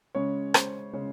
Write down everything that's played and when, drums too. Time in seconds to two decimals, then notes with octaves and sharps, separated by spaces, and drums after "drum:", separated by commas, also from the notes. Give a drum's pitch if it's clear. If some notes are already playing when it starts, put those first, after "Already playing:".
0.15 C#3 G#3 C#4 C#5
0.54 C5, drum: rim click
0.93 C#3 G#3 C#4 C#5